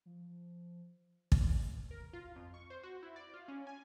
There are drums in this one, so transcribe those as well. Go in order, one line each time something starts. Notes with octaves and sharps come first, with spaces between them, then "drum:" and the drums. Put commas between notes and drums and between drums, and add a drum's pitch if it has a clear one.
F3
drum: kick
A#4
F4
F2
C#6
C5
F#4
E4
D5
F4
C#4
G#5